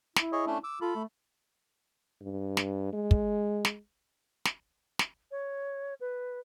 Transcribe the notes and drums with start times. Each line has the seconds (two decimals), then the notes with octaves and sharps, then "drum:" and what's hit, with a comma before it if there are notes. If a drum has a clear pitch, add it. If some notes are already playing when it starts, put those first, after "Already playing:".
0.16 E4, drum: snare
0.32 G#4 C#5 D#5
0.47 A3 C#4 D4
0.64 D6 E6
0.81 F4 A4 B5
0.95 A3
2.22 G2
2.57 drum: snare
2.93 G#3
3.11 drum: kick
3.65 drum: snare
4.45 drum: snare
4.99 drum: snare
5.31 C#5
6.01 B4